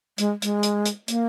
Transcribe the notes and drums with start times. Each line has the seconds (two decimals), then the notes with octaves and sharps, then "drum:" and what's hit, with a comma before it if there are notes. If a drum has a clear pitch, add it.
0.18 G#3, drum: hi-hat
0.42 G#3, drum: hi-hat
0.63 drum: hi-hat
0.86 drum: hi-hat
1.08 A#3, drum: hi-hat